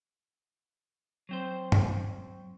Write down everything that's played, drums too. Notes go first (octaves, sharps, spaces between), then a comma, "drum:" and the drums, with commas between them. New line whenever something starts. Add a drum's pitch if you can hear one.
F#3 C4 C5
drum: tom